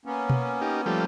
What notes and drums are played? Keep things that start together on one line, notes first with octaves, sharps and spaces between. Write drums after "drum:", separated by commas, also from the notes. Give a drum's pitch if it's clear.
A#3 B3 C#4
drum: tom B2
D#4 G4
F3 G3 A3